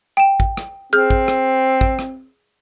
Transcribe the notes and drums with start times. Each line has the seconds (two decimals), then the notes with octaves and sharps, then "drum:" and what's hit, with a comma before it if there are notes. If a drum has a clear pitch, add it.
0.17 G5 E7
0.40 drum: kick
0.57 drum: rim click
0.93 C4 G#4 F6 G6
1.10 drum: kick
1.28 drum: rim click
1.81 drum: kick
1.99 drum: rim click